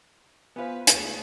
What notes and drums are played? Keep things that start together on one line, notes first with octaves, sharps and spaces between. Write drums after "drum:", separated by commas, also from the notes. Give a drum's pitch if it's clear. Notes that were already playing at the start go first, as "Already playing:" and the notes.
B3 F4 B4 C5 F5 G#5
D2 C#3, drum: hi-hat